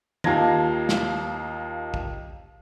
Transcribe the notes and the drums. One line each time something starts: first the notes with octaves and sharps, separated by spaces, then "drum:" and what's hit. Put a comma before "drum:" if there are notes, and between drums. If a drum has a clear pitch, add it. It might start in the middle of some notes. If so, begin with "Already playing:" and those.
D#2 D#4 F4 A5 G#6 A#6, drum: tom
drum: snare
drum: kick